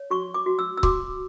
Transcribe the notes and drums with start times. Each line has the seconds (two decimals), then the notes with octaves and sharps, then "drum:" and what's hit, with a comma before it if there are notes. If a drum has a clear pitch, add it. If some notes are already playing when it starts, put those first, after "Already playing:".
Already playing: C#5
0.10 F#4 C#6
0.34 D6
0.46 F#4
0.59 E6
0.77 E6
0.83 F#4 D6, drum: kick C#1